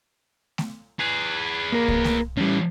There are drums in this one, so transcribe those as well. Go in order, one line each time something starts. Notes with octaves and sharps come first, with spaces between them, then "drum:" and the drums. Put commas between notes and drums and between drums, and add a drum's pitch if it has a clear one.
drum: snare A3
G#4 B4
A#3 A#4
drum: kick C2
drum: snare A3
A2 E3 G3 C#4